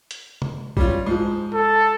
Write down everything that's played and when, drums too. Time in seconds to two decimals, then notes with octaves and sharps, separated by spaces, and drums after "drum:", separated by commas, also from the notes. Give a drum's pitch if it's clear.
0.11 drum: hi-hat
0.42 drum: tom C3
0.77 G3 C#4 F4, drum: kick A#1
1.06 G#2 F3
1.54 A4